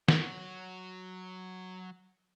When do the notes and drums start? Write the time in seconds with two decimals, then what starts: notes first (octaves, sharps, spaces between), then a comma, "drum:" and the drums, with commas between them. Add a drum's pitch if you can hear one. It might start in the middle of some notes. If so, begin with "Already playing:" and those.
0.08 F#3 F#4, drum: snare